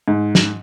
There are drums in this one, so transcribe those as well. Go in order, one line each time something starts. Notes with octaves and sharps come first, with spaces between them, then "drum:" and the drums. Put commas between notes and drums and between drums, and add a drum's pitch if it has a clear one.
G#2
drum: snare